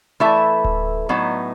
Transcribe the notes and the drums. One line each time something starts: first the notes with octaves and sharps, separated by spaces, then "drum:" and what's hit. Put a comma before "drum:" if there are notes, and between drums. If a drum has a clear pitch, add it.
E3 A3 E4 A4 E5
drum: kick D1
A2 F#3 B3 D#4